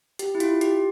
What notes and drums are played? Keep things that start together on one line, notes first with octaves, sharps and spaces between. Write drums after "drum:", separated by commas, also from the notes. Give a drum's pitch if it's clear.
G4, drum: hi-hat
E4
F4, drum: hi-hat
G4, drum: hi-hat